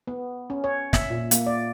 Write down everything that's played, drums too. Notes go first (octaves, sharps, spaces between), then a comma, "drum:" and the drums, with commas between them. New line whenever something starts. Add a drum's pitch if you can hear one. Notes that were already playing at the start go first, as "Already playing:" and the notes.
B3
C#4
C#5
E5, drum: snare
A#2
A#3, drum: hi-hat
D5